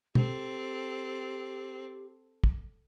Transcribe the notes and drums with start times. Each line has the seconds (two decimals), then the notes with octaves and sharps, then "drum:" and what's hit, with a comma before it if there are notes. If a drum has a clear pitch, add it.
0.15 C4 G4 A4, drum: tom
2.44 drum: kick